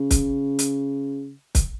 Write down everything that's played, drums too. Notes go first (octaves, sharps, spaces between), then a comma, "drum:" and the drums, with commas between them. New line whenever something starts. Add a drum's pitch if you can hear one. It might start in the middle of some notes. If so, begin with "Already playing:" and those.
Already playing: C#3
drum: kick, hi-hat
drum: hi-hat
drum: kick, hi-hat